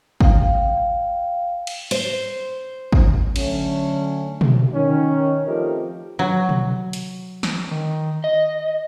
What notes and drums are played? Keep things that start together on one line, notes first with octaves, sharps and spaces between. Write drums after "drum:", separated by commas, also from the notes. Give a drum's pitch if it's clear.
F5 G5, drum: kick G#1
drum: cymbal
C5, drum: open hi-hat
drum: kick G#1
D3 F#3 A3 C#4, drum: cymbal
drum: tom B2
D#3 C#4
F3 A3 C4 D#4 G4 A#4
F#3
drum: tom B2
drum: hi-hat
drum: snare
D#3
D#5